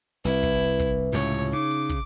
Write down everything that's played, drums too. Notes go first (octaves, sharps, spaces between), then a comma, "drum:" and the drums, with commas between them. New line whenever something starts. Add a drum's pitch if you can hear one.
C2 E4 B4, drum: hi-hat
drum: kick, hi-hat
drum: kick, hi-hat
C#2 A2 C3 C#5
drum: hi-hat
C#3 D#4 D6
drum: hi-hat
drum: kick, hi-hat